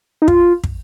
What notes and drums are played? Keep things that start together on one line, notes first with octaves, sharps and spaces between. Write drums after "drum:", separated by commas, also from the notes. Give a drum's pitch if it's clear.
D#4
F4, drum: kick
drum: kick